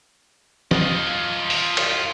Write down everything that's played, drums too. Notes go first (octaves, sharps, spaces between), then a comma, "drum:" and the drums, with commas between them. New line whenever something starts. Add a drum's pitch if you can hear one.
F4 D#5, drum: snare
drum: open hi-hat
drum: cymbal